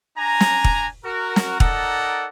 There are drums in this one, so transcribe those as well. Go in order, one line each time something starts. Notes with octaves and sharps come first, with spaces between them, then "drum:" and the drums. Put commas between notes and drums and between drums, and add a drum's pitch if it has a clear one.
D4 G#5 A#5
drum: snare
drum: kick
F#4 A#4
drum: snare
D#4 A4 A#4 D5 F#5, drum: kick